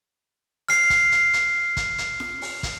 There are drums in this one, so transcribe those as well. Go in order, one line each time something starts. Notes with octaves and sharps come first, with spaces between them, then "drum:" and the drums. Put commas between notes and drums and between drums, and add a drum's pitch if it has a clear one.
F6 C7, drum: open hi-hat
drum: kick, hi-hat
drum: hi-hat
drum: hi-hat
drum: kick, hi-hat
drum: hi-hat
drum: snare F4
drum: open hi-hat
drum: kick, hi-hat